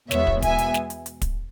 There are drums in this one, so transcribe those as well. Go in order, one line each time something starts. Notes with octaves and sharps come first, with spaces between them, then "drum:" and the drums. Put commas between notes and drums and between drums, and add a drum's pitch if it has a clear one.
E2 B2 G#3 B3 C#5 E5, drum: snare
drum: kick
B2 G#3 B3 E5 G#5, drum: kick, hi-hat
drum: hi-hat
drum: snare
drum: hi-hat
drum: hi-hat
drum: kick, hi-hat